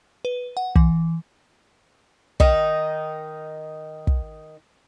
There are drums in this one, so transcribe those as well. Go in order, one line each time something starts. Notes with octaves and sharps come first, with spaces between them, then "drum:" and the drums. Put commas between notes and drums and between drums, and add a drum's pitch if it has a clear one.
B4
F#5
E3, drum: kick
D#3 D#4, drum: kick
drum: kick